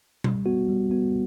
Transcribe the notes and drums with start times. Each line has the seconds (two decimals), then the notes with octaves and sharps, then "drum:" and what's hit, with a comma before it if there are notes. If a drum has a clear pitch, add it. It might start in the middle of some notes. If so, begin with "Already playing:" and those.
0.24 G3, drum: tom B2
0.46 B3 F#4
0.69 G3
0.91 B3 F#4